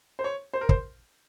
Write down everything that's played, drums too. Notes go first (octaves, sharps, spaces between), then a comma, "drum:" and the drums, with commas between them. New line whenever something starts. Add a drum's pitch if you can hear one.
C5
C#5
C5
A#4
C5, drum: kick